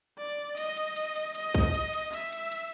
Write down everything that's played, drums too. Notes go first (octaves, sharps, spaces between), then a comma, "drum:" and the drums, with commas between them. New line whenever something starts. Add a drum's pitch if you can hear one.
D5
D#5, drum: cymbal
drum: cymbal
drum: cymbal
drum: cymbal
D#5, drum: cymbal
drum: kick B1, cymbal
drum: cymbal
drum: cymbal
E5, drum: cymbal
drum: cymbal
drum: cymbal